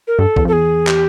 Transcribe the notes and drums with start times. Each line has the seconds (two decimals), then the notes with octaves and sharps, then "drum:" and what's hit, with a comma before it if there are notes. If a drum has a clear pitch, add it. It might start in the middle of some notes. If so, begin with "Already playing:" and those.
0.07 A#4
0.19 G2 A4
0.36 E2, drum: kick A#1
0.45 F2
0.48 A4
0.53 E2 G#4
0.87 G4, drum: clap